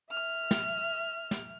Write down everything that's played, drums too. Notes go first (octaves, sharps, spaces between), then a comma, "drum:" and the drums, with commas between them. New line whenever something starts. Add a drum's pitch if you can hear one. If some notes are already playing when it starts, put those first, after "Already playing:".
E5 F6
drum: snare
drum: snare